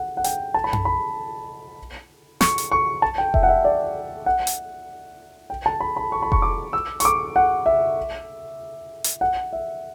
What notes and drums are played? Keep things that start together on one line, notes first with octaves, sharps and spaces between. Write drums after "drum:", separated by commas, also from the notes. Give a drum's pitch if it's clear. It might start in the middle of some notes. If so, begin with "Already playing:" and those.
Already playing: F#5
F#5
G5, drum: hi-hat
A5
B5
A5, drum: tom F#2
B5
C#6, drum: snare
drum: hi-hat
C#6
A5
G5
E5, drum: kick F1
F#5
E5
D5
F#5
drum: hi-hat
G5
A5
B5
B5
C#6
B5
C#6, drum: kick F1
D6
E6
C#6, drum: hi-hat
D6
F#5
E5
drum: hi-hat
F#5
E5